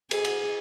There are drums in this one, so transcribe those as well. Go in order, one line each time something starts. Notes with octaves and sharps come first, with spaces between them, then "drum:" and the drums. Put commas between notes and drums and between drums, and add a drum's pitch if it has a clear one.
G#4, drum: cymbal
drum: cymbal